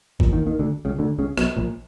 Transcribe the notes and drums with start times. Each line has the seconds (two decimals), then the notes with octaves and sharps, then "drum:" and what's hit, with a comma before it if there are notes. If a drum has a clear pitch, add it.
0.20 A#1 A#2, drum: kick G1
0.33 D#2 D#3
0.46 D#2 D#3
0.59 D2 D3
0.85 C#2 C#3
0.99 D2 D3
1.18 C#2 C#3
1.38 B1 B2, drum: rim click
1.57 A#1 A#2